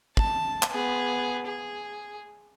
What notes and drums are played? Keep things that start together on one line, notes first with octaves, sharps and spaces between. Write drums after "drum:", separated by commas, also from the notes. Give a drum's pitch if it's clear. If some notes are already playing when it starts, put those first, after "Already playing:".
A5, drum: kick
drum: clap
B3 G#4
G#4